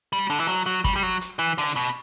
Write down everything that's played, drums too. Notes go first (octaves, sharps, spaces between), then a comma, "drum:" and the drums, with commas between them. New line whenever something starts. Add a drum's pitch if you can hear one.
G3
D3
E3
F#3, drum: open hi-hat
F#3
G3, drum: kick, hi-hat
G3
F#3
drum: hi-hat
E3
D3, drum: open hi-hat
B2